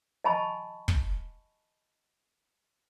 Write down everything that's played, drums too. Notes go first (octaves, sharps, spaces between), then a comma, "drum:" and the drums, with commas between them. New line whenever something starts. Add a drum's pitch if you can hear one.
D#5 G#5 A5 B5 C#6
drum: kick